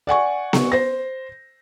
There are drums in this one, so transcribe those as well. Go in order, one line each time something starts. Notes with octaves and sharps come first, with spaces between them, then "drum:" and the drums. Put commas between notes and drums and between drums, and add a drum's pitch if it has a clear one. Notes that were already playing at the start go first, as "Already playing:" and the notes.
D5 F#5 G#5 C#6
drum: snare B3
C5 A#6